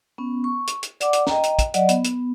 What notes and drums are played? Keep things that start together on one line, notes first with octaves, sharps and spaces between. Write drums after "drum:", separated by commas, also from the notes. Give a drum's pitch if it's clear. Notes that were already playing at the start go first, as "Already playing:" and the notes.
B3 C#4
C#6
drum: hi-hat
drum: hi-hat
D5 F#5 D6, drum: hi-hat
drum: hi-hat
D#5 G5 A#5, drum: snare
drum: hi-hat
drum: kick, hi-hat
F#3 D5 D#5 F#5, drum: hi-hat
B3, drum: hi-hat
drum: hi-hat